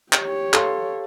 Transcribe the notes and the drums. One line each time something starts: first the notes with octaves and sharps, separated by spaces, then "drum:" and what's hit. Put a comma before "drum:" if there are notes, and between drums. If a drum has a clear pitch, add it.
G4 C#5, drum: clap
A4 F5 C6, drum: clap